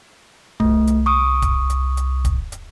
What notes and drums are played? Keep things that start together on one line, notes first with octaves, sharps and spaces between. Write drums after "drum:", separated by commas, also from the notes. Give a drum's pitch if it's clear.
C2 A3, drum: kick
drum: hi-hat
C#6 D#6
drum: kick, hi-hat
drum: hi-hat
drum: hi-hat
drum: kick, hi-hat
drum: hi-hat